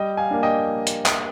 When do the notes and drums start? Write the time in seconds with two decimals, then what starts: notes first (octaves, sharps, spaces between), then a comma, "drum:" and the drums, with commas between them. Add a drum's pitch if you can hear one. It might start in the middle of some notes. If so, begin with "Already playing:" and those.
Already playing: G3 D#5 G5
0.17 F5 G#5
0.31 A#3 D4
0.43 D#5 G5
0.87 drum: hi-hat
1.06 drum: clap